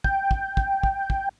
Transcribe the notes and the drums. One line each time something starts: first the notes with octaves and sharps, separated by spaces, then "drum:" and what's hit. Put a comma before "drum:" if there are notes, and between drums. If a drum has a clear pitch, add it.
G5, drum: kick
drum: kick
drum: kick
drum: kick
drum: kick